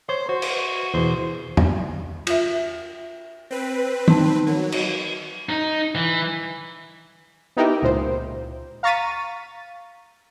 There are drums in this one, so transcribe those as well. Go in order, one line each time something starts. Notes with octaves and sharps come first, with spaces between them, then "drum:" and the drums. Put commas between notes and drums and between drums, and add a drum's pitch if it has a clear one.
C5 C#5
F#4 C5
drum: cymbal
E2 B2 C5
drum: tom E2
F4 E5, drum: cymbal
C4 B4
D#4 A5, drum: tom D#3
F#3 A#4
drum: cymbal
D#4
E3
B3 D#4 E4 G4 A#4
C#2 A#2 C5
F5 A#5 C#6 A6 B6 D#7